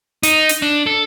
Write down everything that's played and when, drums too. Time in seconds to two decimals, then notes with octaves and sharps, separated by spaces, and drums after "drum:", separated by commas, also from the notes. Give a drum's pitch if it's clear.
0.23 D#4, drum: hi-hat
0.49 drum: hi-hat
0.62 D4
0.86 A4